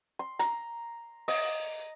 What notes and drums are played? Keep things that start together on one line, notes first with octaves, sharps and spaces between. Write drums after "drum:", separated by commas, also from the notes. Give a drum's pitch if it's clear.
C6
A#5, drum: hi-hat
D#5, drum: open hi-hat